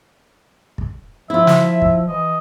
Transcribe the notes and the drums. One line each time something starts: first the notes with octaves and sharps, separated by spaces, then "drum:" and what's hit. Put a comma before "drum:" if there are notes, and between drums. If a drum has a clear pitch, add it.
drum: kick
F3 E4 F4 E5
drum: snare
drum: kick
E3 D#5